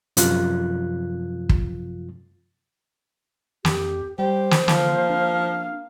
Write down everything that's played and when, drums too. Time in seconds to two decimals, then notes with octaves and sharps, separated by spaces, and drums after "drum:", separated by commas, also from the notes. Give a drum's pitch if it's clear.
0.17 F#2 C3 F3 F4 F#6, drum: hi-hat
1.49 drum: kick
3.65 F2 G4, drum: snare
4.19 G3 G4 C5
4.51 drum: snare
4.68 D3 F3 A#3 F5, drum: snare
5.10 D4